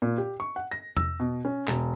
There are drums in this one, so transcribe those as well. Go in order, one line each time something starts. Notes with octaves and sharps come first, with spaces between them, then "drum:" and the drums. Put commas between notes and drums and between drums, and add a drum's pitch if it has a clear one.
A#2
G4
C#6
F#5
A#6
E6, drum: tom E2
B2
C#4
E1, drum: clap